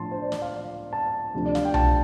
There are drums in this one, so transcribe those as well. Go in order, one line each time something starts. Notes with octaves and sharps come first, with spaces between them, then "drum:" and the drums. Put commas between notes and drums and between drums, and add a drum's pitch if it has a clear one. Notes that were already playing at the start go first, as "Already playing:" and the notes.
Already playing: A2 F3 D4 A5 C6
C5
D5
D5, drum: snare
F5
A5
D2 C3 F3 D4
D5
F5, drum: snare
G5
A5, drum: tom B1